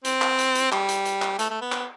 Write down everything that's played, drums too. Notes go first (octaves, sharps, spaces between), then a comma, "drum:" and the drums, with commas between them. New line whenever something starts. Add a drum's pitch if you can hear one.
C4, drum: hi-hat
drum: clap
drum: hi-hat
drum: hi-hat
G3, drum: clap
drum: hi-hat
drum: hi-hat
drum: clap
A3, drum: hi-hat
A3
B3
drum: clap